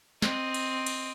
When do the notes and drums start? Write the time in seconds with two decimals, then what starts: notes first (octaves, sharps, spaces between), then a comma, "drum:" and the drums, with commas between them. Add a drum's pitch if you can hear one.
0.22 C4 D#5, drum: snare
0.54 drum: cymbal
0.86 drum: cymbal